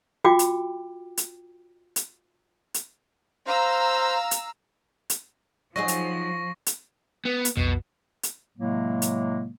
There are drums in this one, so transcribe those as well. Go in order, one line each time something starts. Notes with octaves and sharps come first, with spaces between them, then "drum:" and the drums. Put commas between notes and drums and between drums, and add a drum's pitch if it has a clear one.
F4 F#4 G5 D6
drum: hi-hat
drum: hi-hat
drum: hi-hat
drum: hi-hat
C5 F5 A#5 E6
drum: hi-hat
drum: hi-hat
F3 F#3 D#4 G#4 C#6 A#6
drum: hi-hat
drum: hi-hat
B3
drum: hi-hat
B1 F2 B2
drum: hi-hat
A2 C3 F#3 G#3 A#3
drum: hi-hat